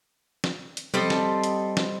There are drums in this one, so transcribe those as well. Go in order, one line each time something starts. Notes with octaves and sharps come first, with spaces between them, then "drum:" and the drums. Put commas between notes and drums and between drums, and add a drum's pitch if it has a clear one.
drum: snare
drum: hi-hat
G3 C4 A4 D#5, drum: tom F3
drum: snare
drum: hi-hat
drum: snare